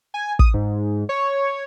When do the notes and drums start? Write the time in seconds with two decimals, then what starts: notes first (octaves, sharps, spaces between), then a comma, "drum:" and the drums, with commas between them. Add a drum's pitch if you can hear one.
0.14 G#5
0.39 D#6, drum: kick
0.54 G#2
1.09 C#5